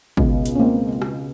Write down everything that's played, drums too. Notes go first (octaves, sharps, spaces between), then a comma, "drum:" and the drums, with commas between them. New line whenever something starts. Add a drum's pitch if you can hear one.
C#2 B2, drum: kick
drum: hi-hat
C#4
A#3 C4
drum: rim click